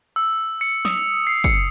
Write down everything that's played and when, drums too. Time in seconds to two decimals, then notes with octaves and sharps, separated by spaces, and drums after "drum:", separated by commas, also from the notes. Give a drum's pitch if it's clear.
0.16 E6
0.61 C#7
0.85 D#6, drum: snare
1.27 C7
1.44 C#7, drum: kick, tambourine